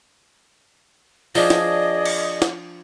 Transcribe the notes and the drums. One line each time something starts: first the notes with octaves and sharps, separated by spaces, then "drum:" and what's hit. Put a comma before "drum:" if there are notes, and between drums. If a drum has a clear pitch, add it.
F3 D4 G#4 D5 D#5 D#6, drum: open hi-hat
drum: snare
drum: cymbal
drum: snare